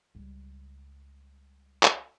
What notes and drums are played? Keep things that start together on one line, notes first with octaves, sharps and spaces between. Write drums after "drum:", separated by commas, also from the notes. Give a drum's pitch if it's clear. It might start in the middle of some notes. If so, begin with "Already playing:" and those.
C#2 G3
drum: clap